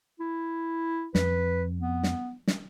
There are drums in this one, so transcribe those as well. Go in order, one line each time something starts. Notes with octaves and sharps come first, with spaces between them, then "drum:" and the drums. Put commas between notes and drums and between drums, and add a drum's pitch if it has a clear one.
E4
F2 B4, drum: snare
B3
drum: snare
drum: snare